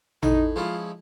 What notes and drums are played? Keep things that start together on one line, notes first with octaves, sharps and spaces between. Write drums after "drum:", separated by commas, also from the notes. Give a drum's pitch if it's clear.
A2 D#4, drum: tom A1
F3 G#3 C#4 E4 F4